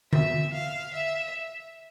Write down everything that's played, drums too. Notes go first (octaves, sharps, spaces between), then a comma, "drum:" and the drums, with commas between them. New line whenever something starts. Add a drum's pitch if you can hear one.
E5, drum: tom D3
F5
E5